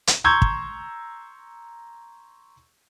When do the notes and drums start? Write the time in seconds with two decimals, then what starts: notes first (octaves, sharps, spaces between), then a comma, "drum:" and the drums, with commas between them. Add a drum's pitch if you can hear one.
0.07 drum: hi-hat
0.24 A#5 C6 C#6 E6 G6 G#6
0.42 drum: kick